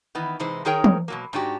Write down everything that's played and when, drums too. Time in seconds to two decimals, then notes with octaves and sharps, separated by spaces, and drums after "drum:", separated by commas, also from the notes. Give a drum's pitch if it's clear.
0.15 D#3 E3 B3 D#4
0.40 C3 E3 G#3 D#4 C5
0.65 D#3 D#4 G#4 A#4 C#5 G5
0.84 drum: tom
1.08 B2 F#3 A#3
1.33 G#2 D4 D#4 F#4 G4